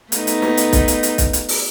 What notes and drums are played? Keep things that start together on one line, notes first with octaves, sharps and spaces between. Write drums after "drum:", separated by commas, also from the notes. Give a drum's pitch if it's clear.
A3 B3 D#4, drum: hi-hat
drum: hi-hat
drum: snare
drum: hi-hat
drum: kick B1, hi-hat
drum: hi-hat
drum: hi-hat
drum: kick B1, hi-hat
drum: hi-hat
drum: open hi-hat